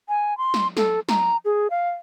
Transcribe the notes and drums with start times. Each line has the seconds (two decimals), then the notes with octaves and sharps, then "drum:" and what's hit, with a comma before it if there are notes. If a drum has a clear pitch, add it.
0.09 G#5
0.38 C6
0.54 drum: snare
0.77 A4, drum: snare
1.09 A#5, drum: snare
1.45 G#4
1.70 F5